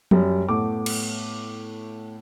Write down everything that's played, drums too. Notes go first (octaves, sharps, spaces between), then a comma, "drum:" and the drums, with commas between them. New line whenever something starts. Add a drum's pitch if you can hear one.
F#2 G3, drum: tom F3
A2 A3 B3 D6
drum: cymbal